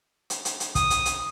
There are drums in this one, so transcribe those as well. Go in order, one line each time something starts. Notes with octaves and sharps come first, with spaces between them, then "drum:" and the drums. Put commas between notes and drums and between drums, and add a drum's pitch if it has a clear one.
drum: hi-hat
drum: hi-hat
drum: hi-hat
D#6, drum: kick, hi-hat
drum: hi-hat
drum: hi-hat